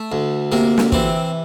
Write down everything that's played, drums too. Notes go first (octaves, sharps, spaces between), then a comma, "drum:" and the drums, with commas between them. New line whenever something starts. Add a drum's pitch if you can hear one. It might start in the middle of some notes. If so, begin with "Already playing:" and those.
Already playing: A3
D2
C3 A#3
drum: snare
E3 C4, drum: kick